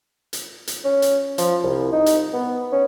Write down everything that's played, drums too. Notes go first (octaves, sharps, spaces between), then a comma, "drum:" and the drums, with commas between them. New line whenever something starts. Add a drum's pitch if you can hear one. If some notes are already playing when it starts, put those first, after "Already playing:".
drum: hi-hat
drum: hi-hat
C#4
drum: hi-hat
F3, drum: hi-hat
C2
D#4
drum: hi-hat
B3
C#4